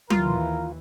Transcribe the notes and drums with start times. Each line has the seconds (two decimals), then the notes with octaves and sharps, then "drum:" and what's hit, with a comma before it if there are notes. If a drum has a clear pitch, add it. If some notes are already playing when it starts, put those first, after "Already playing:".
0.10 D#2 E3 F4 A#4, drum: tom F#3